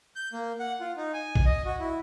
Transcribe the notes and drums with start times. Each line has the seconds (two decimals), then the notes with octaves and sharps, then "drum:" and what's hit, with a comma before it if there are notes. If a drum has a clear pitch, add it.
0.16 G6
0.33 A#3
0.60 F#5
0.81 F4
0.97 D#4
1.14 G#5
1.35 drum: kick A#1
1.46 D#5
1.65 F#4
1.79 E4